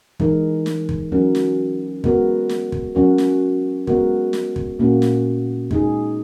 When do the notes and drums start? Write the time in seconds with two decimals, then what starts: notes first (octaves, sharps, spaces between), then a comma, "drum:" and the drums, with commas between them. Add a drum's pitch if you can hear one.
0.20 E3 G#3 D#4 A#4, drum: kick
0.66 drum: snare
0.89 drum: kick
1.12 F#3 C#4 F#4 A#4
1.35 drum: snare
2.04 G#3 B3 F#4 A#4, drum: kick
2.49 drum: snare
2.72 drum: kick
2.95 F#3 C#4 F#4 A#4
3.18 drum: snare
3.87 G#3 B3 F#4 A#4, drum: kick
4.33 drum: snare
4.56 drum: kick
4.79 A#2 A#3 C#4 F#4
5.02 drum: snare
5.71 G#3 D#4 G#4, drum: kick